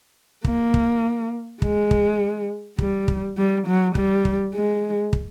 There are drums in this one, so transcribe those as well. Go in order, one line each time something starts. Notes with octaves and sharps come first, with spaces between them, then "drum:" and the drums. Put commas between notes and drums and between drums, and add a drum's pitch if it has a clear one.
A#3, drum: kick
drum: kick
G#3, drum: kick
drum: kick
G3, drum: kick
drum: kick
G3
F#3
G3, drum: kick
drum: kick
G#3
drum: kick